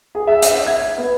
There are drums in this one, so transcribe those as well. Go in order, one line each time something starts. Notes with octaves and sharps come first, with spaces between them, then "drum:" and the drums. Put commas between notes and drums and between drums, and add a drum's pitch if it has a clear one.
G#4
E5
E5, drum: hi-hat
G#6
B3